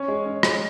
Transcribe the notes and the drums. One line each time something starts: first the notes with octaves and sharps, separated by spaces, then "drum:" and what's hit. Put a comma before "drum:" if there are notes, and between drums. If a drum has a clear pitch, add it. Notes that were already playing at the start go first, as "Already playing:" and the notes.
Already playing: C#4
G#3
C#4
G#3, drum: rim click